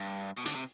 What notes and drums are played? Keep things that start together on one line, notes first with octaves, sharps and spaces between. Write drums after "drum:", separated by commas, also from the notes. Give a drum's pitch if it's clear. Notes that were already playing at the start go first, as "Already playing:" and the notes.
Already playing: G2
B2
D3, drum: hi-hat
C3